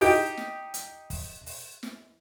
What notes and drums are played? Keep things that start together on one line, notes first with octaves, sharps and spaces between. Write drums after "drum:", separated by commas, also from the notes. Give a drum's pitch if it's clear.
D#4 G4 G5, drum: open hi-hat
drum: snare
drum: hi-hat
drum: kick, open hi-hat
drum: open hi-hat
drum: snare